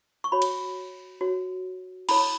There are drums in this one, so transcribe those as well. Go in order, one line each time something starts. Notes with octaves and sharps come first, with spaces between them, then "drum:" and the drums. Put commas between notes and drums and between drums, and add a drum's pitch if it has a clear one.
C#6
F#4 C#5 B5
drum: cymbal
F#4 C#5
E4 A4 C#5 B5, drum: cymbal